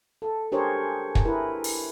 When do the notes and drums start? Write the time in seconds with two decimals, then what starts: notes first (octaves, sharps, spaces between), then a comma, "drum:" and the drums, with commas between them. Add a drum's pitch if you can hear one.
0.22 A4
0.52 D4 G4 G#4 A#4 C5 C#5
1.15 drum: kick
1.25 E4 G#4 A#4 B4
1.64 drum: open hi-hat